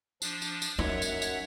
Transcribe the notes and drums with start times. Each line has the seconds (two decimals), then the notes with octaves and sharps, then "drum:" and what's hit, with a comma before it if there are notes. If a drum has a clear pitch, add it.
0.22 F3 D4, drum: tambourine
0.42 drum: tambourine
0.62 drum: tambourine
0.79 F#2 D#4 C#5 E5 F#5
1.02 drum: tambourine
1.22 drum: tambourine